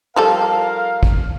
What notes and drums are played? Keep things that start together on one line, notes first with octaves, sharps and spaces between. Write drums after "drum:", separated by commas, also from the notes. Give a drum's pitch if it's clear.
F3 G3 A4 A#4 F5
drum: kick